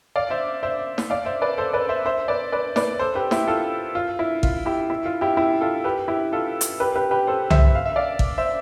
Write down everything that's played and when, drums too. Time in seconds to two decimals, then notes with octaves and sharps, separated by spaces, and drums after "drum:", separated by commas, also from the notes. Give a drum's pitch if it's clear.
0.16 D5 F5
0.30 C5 E5
0.63 C5 E5
0.98 drum: snare
1.10 D5 F5
1.25 C5 E5
1.42 B4 D5
1.58 A4 C5
1.73 B4 D5
1.89 C5 E5
2.06 C5 E5
2.28 B4 D5
2.52 B4 D5
2.76 B4 D5, drum: snare
2.99 A4 C5
3.15 G4 B4
3.31 E4 G4, drum: snare
3.48 F4 A4
3.95 F4
4.19 E4
4.43 F4, drum: kick G#1
4.66 E4 G4
4.90 E4
5.06 F4
5.21 E4 G4
5.37 E4 G4
5.61 F4 A4
5.84 G4 B4
6.08 E4 G4
6.33 F4 A4
6.61 drum: hi-hat
6.80 G4 B4
6.96 G4 B4
7.11 G4 B4
7.27 A4 C5
7.50 C5 E5, drum: tom C2
7.75 F5
7.85 E5
7.96 D5 F5
8.19 drum: kick G#1
8.38 C5 E5